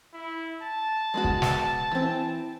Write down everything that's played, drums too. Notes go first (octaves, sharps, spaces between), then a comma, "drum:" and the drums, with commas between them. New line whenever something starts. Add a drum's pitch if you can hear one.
E4
A5
G#3 B3 F#4
drum: kick
drum: snare
E3 C4